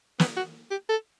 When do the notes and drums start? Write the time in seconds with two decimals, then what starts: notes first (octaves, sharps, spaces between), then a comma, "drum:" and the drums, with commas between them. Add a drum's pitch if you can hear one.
0.20 B3, drum: snare
0.37 F#4
0.71 G4
0.89 A4